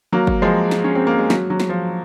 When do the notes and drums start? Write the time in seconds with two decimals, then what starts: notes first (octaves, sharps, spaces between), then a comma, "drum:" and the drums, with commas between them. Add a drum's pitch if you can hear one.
0.13 F#3 A#3
0.27 drum: kick
0.42 F3 G#3
0.71 drum: snare
0.84 C#4
0.95 C4
1.07 A#3
1.19 G#3
1.30 F#3, drum: snare
1.50 F#3
1.60 drum: snare
1.69 F3